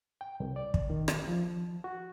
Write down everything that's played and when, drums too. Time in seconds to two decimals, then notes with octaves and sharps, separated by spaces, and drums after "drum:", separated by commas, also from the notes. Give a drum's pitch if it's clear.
0.21 G5
0.40 C2
0.56 D5
0.74 drum: kick
0.90 D#3
1.08 drum: rim click
1.28 F3
1.84 F#4